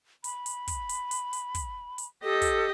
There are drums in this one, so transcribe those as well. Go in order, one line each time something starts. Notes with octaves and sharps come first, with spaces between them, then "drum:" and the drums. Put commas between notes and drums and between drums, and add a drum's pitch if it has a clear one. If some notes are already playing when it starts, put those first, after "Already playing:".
B5, drum: hi-hat
drum: hi-hat
drum: kick, hi-hat
drum: hi-hat
drum: hi-hat
drum: hi-hat
drum: kick, hi-hat
drum: hi-hat
G4 A4 D#5
drum: kick, hi-hat